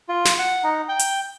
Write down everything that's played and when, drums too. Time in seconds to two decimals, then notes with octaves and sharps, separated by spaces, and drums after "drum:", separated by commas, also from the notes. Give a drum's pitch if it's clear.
0.09 F4
0.25 drum: snare
0.39 F#5
0.64 D#4
0.89 G5
0.99 drum: hi-hat